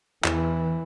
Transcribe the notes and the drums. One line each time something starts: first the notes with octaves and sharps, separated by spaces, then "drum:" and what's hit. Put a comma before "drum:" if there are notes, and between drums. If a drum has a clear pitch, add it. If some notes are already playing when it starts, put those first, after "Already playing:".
E2 E3, drum: clap